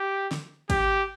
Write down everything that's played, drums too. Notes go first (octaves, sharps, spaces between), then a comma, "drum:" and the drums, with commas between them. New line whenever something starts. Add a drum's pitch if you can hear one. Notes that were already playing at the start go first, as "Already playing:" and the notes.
Already playing: G4
drum: snare
G4, drum: kick, cymbal